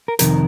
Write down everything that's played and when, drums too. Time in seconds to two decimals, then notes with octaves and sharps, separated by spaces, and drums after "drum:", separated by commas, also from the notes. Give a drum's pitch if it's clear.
0.08 A#4
0.19 F2 C3 D#3 A#4, drum: hi-hat